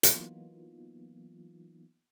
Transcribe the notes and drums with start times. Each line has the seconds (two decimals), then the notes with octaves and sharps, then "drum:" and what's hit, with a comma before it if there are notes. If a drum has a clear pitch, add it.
0.03 E3 F#3 A#3 B3 D#4 F4, drum: hi-hat